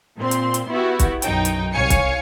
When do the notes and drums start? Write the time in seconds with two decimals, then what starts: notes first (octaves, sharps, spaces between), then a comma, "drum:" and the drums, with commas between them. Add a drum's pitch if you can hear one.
0.18 A#2 C4 C6
0.31 drum: hi-hat
0.54 drum: hi-hat
0.69 B3 E4 F#4 G4
0.99 drum: kick, hi-hat
1.22 B1 F#2 D#4 G5, drum: hi-hat
1.45 drum: hi-hat
1.73 C2 C#5 F5 G#5 C#7
1.90 drum: kick, hi-hat